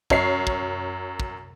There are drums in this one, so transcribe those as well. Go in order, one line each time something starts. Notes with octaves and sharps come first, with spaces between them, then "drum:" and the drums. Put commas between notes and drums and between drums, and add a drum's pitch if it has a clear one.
F#2 C#5 C7, drum: kick
drum: kick
drum: kick